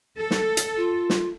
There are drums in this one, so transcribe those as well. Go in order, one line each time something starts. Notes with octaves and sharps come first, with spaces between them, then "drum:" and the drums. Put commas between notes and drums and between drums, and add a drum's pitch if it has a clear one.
A4
drum: snare
drum: hi-hat
F4
drum: snare